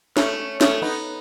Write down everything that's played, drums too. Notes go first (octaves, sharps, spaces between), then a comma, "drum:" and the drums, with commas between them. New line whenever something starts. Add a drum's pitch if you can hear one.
A3 C#4, drum: snare
A3 C#4, drum: snare
B3 D#4